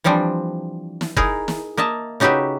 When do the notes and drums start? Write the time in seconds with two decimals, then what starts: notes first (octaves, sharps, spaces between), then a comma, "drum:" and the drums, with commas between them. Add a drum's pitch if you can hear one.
0.04 E3 F3 G3 C4 D4
1.01 drum: snare
1.16 D#4 E4 G#4 A#4, drum: kick F#1
1.48 drum: snare
1.77 A#3 D#5 E5 A5
2.20 C#3 D#4 F#4 G4 B4 E5